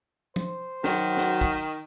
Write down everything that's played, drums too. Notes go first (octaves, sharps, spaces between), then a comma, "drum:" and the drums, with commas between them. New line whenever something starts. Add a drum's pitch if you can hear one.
C5, drum: tom F3
D#3 F#3 F#4, drum: snare
drum: snare
drum: kick